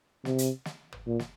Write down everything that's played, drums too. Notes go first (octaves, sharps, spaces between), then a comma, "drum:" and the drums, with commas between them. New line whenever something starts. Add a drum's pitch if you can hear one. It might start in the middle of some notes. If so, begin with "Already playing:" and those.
C3, drum: snare
drum: hi-hat
drum: snare
drum: tom
A#2
drum: snare